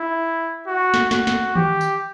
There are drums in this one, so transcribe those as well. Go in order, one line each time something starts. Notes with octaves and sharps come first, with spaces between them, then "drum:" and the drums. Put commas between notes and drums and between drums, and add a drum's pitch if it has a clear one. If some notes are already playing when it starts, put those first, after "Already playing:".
Already playing: E4
F#4
drum: snare
F#4, drum: snare
drum: snare
G4, drum: tom D#3
drum: tambourine